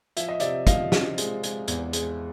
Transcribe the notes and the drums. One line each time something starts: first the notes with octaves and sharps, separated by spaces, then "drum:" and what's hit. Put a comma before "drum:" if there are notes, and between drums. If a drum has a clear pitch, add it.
F3 E5, drum: hi-hat
D#5
C3 D5 E5, drum: hi-hat
F3 D#5 F5, drum: kick, hi-hat
C3, drum: snare
G#3, drum: hi-hat
G#3, drum: hi-hat
E2, drum: hi-hat
G#3, drum: hi-hat